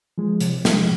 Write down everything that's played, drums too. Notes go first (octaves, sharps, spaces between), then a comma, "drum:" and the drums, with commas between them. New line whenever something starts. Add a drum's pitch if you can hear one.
F3 G#3
C3, drum: hi-hat
F3 G#3, drum: snare